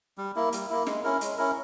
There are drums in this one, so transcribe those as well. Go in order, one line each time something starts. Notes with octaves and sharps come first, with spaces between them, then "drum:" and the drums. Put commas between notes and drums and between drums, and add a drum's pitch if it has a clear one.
G3
A#3 E4
G3, drum: hi-hat
A#3 E4
G#3, drum: snare
C#4 E4 A#4
G#3, drum: hi-hat
C#4 E4 A#4